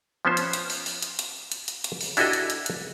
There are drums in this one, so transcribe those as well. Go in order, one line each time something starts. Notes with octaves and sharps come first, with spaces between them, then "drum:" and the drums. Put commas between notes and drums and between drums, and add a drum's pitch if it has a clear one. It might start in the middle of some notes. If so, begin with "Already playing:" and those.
F3 B3 C#4 C5
drum: hi-hat
drum: hi-hat
drum: open hi-hat
drum: open hi-hat
drum: hi-hat
drum: hi-hat
drum: hi-hat
drum: hi-hat
drum: hi-hat
drum: open hi-hat
D4 E4 F#4 G4 A4 D#5, drum: open hi-hat
drum: hi-hat
drum: hi-hat
drum: hi-hat